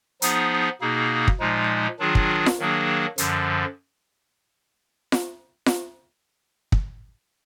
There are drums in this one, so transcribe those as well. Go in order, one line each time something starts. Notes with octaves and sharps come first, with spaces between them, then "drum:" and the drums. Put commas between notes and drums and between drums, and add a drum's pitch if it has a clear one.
F3 B3 D#4 G#4, drum: hi-hat
B2 A#3 D#4 G#4
drum: kick
A#2 F3 G#3 D#4
D#3 F#3 D4 F4 G#4
drum: kick
drum: snare F4
D#3 F#3 A#3 D4 G#4
F#2 D3 F3, drum: hi-hat
drum: snare F4
drum: snare F4
drum: kick